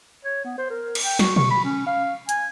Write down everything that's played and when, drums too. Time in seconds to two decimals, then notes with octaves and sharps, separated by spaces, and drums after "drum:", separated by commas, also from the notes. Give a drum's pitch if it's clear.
0.25 C#5
0.45 B3
0.58 C5
0.70 A#4
0.95 drum: cymbal
1.05 G5
1.19 F#4, drum: snare
1.36 C#6, drum: tom B2
1.51 B5
1.64 C#4
1.87 F5
2.29 G#5, drum: hi-hat